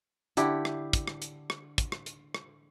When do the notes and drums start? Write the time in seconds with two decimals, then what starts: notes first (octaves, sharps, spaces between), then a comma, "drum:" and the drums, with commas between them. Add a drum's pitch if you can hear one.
0.37 D3 E4 G4, drum: hi-hat
0.65 drum: rim click
0.93 drum: kick, hi-hat
1.08 drum: rim click
1.22 drum: hi-hat
1.50 drum: rim click
1.78 drum: kick, hi-hat
1.92 drum: rim click
2.06 drum: hi-hat
2.35 drum: rim click